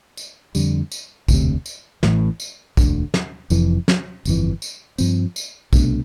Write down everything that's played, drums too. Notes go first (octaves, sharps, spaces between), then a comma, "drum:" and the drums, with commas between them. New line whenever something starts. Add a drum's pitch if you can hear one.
drum: tambourine
F2 D3 G3, drum: tambourine
drum: tambourine
E1 D2 C3, drum: kick A#1, tambourine
drum: tambourine
A1 A2 E3, drum: snare
drum: tambourine
E1 D2 D3, drum: kick A#1, tambourine
drum: snare
F1 F2 E3, drum: tambourine
drum: snare
G1 F2 E3, drum: tambourine
drum: tambourine
G2 F3 C4, drum: tambourine
drum: tambourine
C2 B2 A3 D4, drum: kick A#1, tambourine